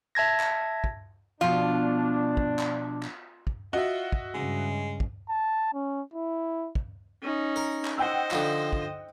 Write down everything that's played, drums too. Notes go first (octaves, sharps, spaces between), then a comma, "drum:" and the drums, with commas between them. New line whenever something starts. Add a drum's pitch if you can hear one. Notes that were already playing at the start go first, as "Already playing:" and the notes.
E5 A5 G#6 A#6
drum: clap
drum: kick
B2 F3 D4 F4
drum: kick
drum: clap
drum: clap
drum: kick
F4 F#4 D#5 E5
drum: kick
G2 C#3 G#3
drum: kick
A5
C#4
E4
drum: kick
C#4 D#4
A#4
drum: clap
C5 D#5 F#5 G5 E6
D3 F3, drum: clap
drum: kick